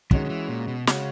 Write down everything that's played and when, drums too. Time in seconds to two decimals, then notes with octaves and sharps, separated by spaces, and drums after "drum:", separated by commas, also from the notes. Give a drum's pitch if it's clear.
0.11 D#3 G#3 C#4 F#4, drum: kick
0.25 D#3
0.30 E3
0.49 A#2
0.68 B2
0.87 C#3 G#3 C#4 F#4, drum: snare